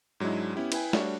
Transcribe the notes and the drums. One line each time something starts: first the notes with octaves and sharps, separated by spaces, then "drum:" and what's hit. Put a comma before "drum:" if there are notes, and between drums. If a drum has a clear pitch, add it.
G#2 F#3 G#3 D4 E4
B3 C#4 E4 G4
E4 B4 G5 G#5, drum: cymbal
G3 A3 D4 F#4 C#5, drum: snare